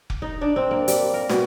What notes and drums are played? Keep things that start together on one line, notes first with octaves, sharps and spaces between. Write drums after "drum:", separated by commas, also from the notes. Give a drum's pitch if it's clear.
drum: kick F1
D#4
D4
C4
A#3
G3, drum: hi-hat
A#4
B2, drum: snare